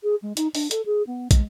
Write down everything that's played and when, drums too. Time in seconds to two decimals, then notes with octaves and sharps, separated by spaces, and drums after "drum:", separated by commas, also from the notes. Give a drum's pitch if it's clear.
0.03 G#4
0.22 G#3
0.37 D#4, drum: hi-hat
0.55 D4, drum: open hi-hat
0.71 A4, drum: hi-hat
0.86 G#4
1.07 B3
1.31 G#3, drum: kick, hi-hat